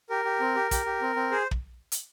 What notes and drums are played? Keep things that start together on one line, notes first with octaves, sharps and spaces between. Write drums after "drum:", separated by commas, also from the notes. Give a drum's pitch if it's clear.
G4 A#4
G4
C4
G4
G4, drum: kick, hi-hat
G4
C4
C4
G#4 C5
drum: kick
drum: hi-hat